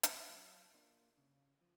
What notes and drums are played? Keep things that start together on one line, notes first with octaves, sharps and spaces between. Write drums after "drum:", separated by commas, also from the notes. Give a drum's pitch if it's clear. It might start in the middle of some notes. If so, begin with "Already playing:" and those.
drum: hi-hat
F#3
A#3 D4 F4
C#3
F3